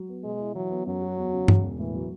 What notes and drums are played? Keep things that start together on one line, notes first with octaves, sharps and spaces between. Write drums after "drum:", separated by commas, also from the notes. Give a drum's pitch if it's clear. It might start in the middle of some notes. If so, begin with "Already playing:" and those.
Already playing: F#3
B3
B2 G#3
E4
E3 F#3
B3
F#2 F#3
F#4
E2
C#3
E1, drum: tom G2
E1
A2 E3
F#3